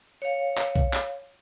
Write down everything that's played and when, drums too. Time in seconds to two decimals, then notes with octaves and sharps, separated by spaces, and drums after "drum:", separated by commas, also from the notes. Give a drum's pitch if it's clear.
0.22 C#5 F5
0.58 drum: clap
0.76 drum: kick B1
0.93 drum: clap